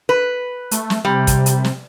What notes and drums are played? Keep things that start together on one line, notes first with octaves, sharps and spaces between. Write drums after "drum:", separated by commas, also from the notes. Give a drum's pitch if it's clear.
B4
A3, drum: hi-hat
drum: snare
C3 G3
drum: kick, hi-hat
drum: hi-hat
drum: snare